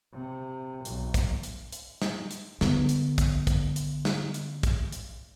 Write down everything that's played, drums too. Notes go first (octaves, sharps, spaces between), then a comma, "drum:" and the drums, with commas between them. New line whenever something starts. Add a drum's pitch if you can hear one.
C3
B1, drum: hi-hat
drum: kick, hi-hat
drum: hi-hat
drum: hi-hat
drum: snare
drum: hi-hat
D3 B3, drum: snare
drum: hi-hat
drum: kick, hi-hat
drum: kick, hi-hat
drum: hi-hat
drum: snare
drum: hi-hat
drum: kick, hi-hat
drum: hi-hat